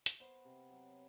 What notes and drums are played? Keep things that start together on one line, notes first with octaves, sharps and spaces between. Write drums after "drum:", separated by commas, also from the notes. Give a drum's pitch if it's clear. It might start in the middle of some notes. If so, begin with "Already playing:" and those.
drum: hi-hat
B3 C5
C3
F#3